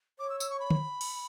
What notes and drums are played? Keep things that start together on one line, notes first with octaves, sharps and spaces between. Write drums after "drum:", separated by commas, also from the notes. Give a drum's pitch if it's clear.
C#5 D6
E6
E6, drum: tambourine
C#6
B5
drum: tom
drum: cymbal